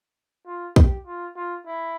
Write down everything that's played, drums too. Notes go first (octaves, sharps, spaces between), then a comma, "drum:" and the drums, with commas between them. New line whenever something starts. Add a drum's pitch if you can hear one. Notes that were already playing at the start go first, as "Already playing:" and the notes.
F4
G4, drum: kick
F4
F4
E4